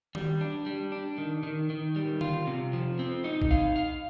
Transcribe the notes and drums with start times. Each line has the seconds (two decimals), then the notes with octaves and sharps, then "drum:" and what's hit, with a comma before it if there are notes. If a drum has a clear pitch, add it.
0.15 G3, drum: tom D#3
0.41 D4
0.66 G3
0.92 D4
1.18 D#3
1.43 D#3
1.70 D#3
1.96 G3
2.21 F4, drum: tom D3
2.47 C3
2.73 F3
2.99 C4
3.24 D#4
3.42 drum: kick
3.51 F5
3.76 F5